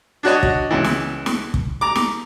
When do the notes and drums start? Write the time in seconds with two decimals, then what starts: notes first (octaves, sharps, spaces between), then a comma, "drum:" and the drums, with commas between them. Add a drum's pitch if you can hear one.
0.23 D4 F#4 C#5 D#5
0.43 drum: kick
0.71 C#2 E3
0.84 drum: snare
1.26 drum: snare
1.54 drum: kick
1.81 A#5 D6
1.95 drum: snare